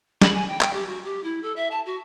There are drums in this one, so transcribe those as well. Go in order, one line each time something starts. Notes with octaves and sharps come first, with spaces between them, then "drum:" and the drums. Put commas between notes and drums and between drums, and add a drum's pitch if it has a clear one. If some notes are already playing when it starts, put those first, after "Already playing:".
B5, drum: snare
G#5
G5
G5, drum: clap
G4
F#4
G4
E4
A4
E5
A5
F#4